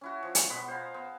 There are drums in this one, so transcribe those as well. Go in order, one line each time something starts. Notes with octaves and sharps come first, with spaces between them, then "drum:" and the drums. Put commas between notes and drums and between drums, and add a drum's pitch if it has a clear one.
C#4 E4 F#4
F3
drum: hi-hat
B2 B3 B5 C6
C5 F5 G#5 A#5
B3